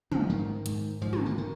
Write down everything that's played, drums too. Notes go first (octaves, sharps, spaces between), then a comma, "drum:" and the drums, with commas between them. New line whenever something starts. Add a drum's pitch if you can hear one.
D3 F3, drum: tom
G#2 D#3
G#2, drum: hi-hat
G#2 F3
D#3, drum: tom
D3
D#3